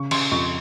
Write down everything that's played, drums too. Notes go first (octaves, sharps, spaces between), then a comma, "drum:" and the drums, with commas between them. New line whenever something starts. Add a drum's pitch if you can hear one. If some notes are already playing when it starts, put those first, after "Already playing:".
Already playing: C#3 C#6
C#3 C6, drum: cymbal
F2 C#6